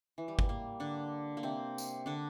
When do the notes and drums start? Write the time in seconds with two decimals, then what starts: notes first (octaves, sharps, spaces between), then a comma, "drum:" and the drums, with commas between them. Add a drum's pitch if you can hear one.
0.18 E3
0.28 G3
0.39 A#3, drum: kick G1
0.49 A#3
0.80 D3 D4
1.37 A#3
1.43 C3 C4
1.78 drum: tambourine
2.06 D3 D4